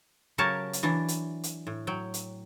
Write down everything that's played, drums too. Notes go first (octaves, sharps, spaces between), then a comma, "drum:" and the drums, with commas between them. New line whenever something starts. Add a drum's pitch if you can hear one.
C#3 F#3 G4 A#4 C#5 A5
drum: hi-hat
E3 F#3 D4
drum: hi-hat
drum: hi-hat
A2
F#3 G5
drum: hi-hat